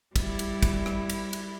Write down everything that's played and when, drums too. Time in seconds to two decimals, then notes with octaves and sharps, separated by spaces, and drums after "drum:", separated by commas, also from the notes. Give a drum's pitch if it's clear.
0.16 G3 E4, drum: kick, cymbal
0.39 drum: cymbal
0.63 drum: kick, cymbal
0.86 drum: rim click
1.09 drum: cymbal
1.33 drum: cymbal